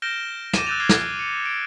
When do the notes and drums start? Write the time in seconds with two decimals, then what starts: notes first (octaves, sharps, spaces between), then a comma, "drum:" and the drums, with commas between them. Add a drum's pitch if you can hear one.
0.02 F6 G6 A#6 D7 E7 G7
0.53 D6 A6 D#7 E7, drum: snare
0.67 E6 F#6 G6 A6 D#7 F7
0.80 D6 F6 G#6 A6 C7 G7
0.89 drum: snare
1.19 C#7
1.45 D7